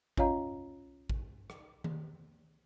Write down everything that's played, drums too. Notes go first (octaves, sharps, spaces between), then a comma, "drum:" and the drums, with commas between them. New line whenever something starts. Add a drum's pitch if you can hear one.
C#4 F4 C#5 D#5 F5 A#5, drum: kick A1
drum: kick A1
drum: rim click
drum: tom D#3